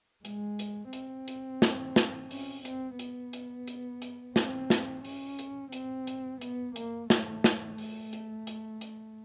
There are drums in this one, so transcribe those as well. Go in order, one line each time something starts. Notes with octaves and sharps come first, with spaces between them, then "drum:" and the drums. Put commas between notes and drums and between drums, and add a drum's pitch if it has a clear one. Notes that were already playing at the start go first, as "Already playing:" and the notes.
G#3, drum: hi-hat
drum: hi-hat
C4, drum: hi-hat
drum: hi-hat
drum: snare
drum: snare
C#4, drum: open hi-hat
C4, drum: hi-hat
B3, drum: hi-hat
drum: hi-hat
drum: hi-hat
drum: hi-hat
C4, drum: snare
drum: snare
C#4, drum: open hi-hat
drum: hi-hat
C4, drum: hi-hat
drum: hi-hat
B3, drum: hi-hat
A#3, drum: hi-hat
A3, drum: snare
drum: snare
A3, drum: open hi-hat
drum: hi-hat
drum: hi-hat
drum: hi-hat